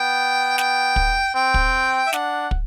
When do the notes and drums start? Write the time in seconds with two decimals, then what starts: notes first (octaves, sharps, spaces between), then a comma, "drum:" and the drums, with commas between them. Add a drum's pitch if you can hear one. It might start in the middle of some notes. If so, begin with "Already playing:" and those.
Already playing: B3 G5
0.58 G5, drum: snare
0.96 drum: kick
1.34 C4 G5
1.54 drum: kick
2.07 E5
2.13 D4 F#5, drum: snare
2.51 drum: kick